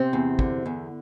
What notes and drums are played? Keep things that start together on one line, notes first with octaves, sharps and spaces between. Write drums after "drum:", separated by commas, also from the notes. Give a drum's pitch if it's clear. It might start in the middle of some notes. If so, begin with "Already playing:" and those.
Already playing: C3 C4
E2
D3, drum: kick
E2